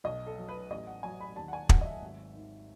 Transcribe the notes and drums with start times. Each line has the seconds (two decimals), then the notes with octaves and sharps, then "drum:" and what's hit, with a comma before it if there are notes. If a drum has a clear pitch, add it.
0.04 B1 D#5
0.27 A4
0.38 F#3
0.48 B4
0.70 A1 D#5
0.87 F#5
1.03 F#3 G#5
1.20 B5
1.36 D#2 A5
1.48 F#5
1.53 G#5
1.69 F#3 F#5, drum: kick
1.81 D#5
1.85 E5
2.02 G#1
2.35 D#3